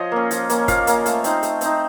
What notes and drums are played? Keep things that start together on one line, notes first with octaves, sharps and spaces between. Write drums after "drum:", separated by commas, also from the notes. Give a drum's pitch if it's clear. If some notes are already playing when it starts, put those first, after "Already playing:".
Already playing: F3 C#5 D#5
A#3 C#4
F3, drum: hi-hat
A#3 C#4, drum: hi-hat
F3 F5, drum: kick, hi-hat
A#3 C#4, drum: hi-hat
A3, drum: hi-hat
C4 D#4, drum: hi-hat
A3, drum: hi-hat
C4 D#4, drum: hi-hat